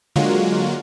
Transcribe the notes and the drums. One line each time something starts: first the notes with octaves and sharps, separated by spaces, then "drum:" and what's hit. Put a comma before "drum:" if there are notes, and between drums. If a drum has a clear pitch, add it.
D3 F#3 G#3 A#3 F4 F#4, drum: tom